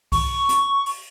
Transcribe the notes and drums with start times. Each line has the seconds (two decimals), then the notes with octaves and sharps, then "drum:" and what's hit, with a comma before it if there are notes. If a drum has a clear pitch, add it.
0.12 C#6, drum: kick C2, open hi-hat
0.49 drum: hi-hat
0.86 drum: open hi-hat